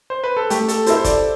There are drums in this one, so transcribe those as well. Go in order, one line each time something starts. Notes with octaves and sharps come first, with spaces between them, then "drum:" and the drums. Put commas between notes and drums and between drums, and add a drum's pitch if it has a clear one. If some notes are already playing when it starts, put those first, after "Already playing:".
C5
B4
A4
A3 G4, drum: hi-hat
A4, drum: hi-hat
E4 A4 C5 E5, drum: hi-hat
C5
D5, drum: kick, hi-hat